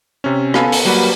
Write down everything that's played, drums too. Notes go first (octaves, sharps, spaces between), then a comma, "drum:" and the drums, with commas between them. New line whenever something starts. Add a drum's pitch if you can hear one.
C3 C#4
B3 A4 F5 G#5 B5, drum: rim click
drum: open hi-hat
F#3 G3 A#3 F#4 B4